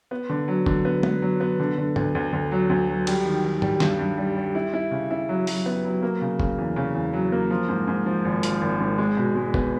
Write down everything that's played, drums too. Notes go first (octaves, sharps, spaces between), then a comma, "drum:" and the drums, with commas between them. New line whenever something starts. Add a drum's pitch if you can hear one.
B3
D3
F#3
D3, drum: kick
B3
B3, drum: tom G#3
F#3
B3
D3
D3
D2, drum: tom G#2
D2
D2
F#3
D2
F#3
G3, drum: cymbal
D#3
D#3
G3, drum: tom G#2
G2, drum: snare
G2
G3
G3
E4
E4
C#3
E4
F#3
F#3, drum: open hi-hat
B3
F#3
A#3
C#3
C#3, drum: kick
E2
C#3
E2
F#3
A#3
F3
G#2
G#2
F3
G#1
F3, drum: hi-hat
G#1
G#2
G#3
B2
G#3
B3, drum: kick